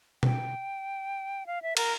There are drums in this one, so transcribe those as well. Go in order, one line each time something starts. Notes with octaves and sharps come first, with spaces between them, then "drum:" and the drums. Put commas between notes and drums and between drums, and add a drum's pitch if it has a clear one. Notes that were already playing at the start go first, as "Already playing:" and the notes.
G5, drum: tom B2
F5
E5
A#4, drum: cymbal